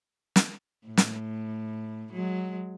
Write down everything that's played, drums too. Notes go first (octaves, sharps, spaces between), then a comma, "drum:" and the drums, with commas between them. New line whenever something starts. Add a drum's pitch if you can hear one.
drum: snare
A2
drum: snare
F#3 G#3